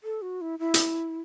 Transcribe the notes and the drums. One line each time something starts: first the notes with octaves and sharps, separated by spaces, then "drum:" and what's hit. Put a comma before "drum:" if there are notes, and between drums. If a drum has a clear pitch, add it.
A4
F#4
E4
E4
drum: hi-hat